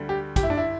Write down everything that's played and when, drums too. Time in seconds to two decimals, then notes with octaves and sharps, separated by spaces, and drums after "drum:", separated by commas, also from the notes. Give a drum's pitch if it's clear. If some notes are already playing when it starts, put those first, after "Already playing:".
Already playing: D2 D3 G3
0.09 G4
0.36 G4, drum: kick, hi-hat
0.43 E4
0.50 D4
0.57 E4